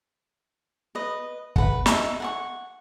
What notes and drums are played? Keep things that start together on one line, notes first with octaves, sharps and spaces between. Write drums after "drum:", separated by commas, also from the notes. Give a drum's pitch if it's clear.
B4 D#5
B4 F#5, drum: kick
D#4 E5, drum: snare
F#5 G#5 C#6